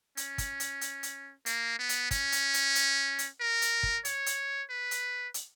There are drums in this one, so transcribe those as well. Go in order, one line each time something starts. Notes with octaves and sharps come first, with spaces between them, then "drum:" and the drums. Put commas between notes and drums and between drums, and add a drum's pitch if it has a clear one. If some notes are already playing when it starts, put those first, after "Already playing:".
C#4, drum: hi-hat
drum: kick, hi-hat
drum: hi-hat
drum: hi-hat
drum: hi-hat
A#3, drum: hi-hat
B3
drum: hi-hat
C#4, drum: kick, hi-hat
drum: hi-hat
drum: hi-hat
drum: hi-hat
drum: hi-hat
A#4
drum: hi-hat
drum: kick
C#5, drum: hi-hat
drum: hi-hat
B4
drum: hi-hat
drum: hi-hat